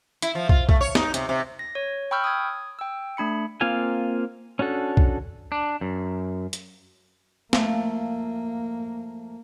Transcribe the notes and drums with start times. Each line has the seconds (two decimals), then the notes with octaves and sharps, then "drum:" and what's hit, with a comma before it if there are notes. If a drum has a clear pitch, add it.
0.22 E4, drum: hi-hat
0.35 F3
0.49 F4, drum: kick
0.69 A3, drum: kick
0.81 C#5
0.95 D#4, drum: snare
1.14 C3, drum: hi-hat
1.29 C3
1.59 A#6
1.75 C#5
2.11 G5 B5 C#6 E6 F6 G6
2.24 D#6 G#6
2.79 G5 E6
3.17 A3 D4 B5 C#7
3.61 A#3 C4 F4 F5 G#5
4.59 C#4 D4 F#4 A4
4.97 drum: kick
5.52 D4
5.81 F#2
6.53 drum: hi-hat
7.53 F3 A3 A#3 F5, drum: snare